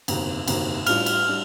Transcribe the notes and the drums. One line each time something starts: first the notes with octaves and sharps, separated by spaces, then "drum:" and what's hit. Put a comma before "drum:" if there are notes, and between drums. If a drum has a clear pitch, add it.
G1 F2 C3 D#3 A#3, drum: cymbal
G1 F2 C3 D#3 A#3, drum: cymbal
A1 A2 G3 D4 F4 F6 F7, drum: cymbal
drum: cymbal
A2 G3 D4